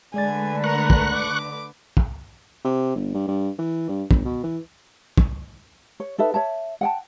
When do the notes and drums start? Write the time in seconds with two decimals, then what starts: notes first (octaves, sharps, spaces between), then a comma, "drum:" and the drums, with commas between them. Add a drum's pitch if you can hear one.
0.14 D3 G#3 A3 B4 D5 G#5 A6
0.64 A#4 C#6 F#6
0.90 drum: kick
1.14 D6
1.97 drum: kick
2.65 C3
2.95 G1
3.14 G2
3.28 G2
3.58 E3
3.89 G2
4.11 G1, drum: kick
4.25 B2
4.44 E3
5.18 drum: kick
6.00 C#5
6.18 D#4 A4 B4 E5
6.34 C#5 E5 A5
6.81 F#5 G5 A5